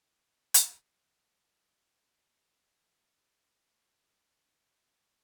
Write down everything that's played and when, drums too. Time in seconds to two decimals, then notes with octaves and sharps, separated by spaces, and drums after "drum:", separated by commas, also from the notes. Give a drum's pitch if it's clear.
0.06 G#3 A3
0.54 drum: hi-hat
2.71 C4 A#4 E5
3.91 B4 D#5 F#5
4.28 E4 G4 F6
4.70 D#4 F#4 G4